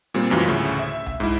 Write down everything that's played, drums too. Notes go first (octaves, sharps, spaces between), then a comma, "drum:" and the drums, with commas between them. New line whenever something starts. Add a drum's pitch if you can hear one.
A#2 G3 C4
C#2 F#2 E3 F4
D2 A2 C#3
E5
drum: tom C2
G#2 E4